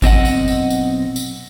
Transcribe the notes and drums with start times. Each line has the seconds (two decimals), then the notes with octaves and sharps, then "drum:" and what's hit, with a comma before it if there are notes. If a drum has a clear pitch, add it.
0.02 B1 C4 D#5 F#5, drum: kick G#1, tambourine
0.25 drum: tambourine
0.48 drum: tambourine
0.70 drum: tambourine
1.16 drum: tambourine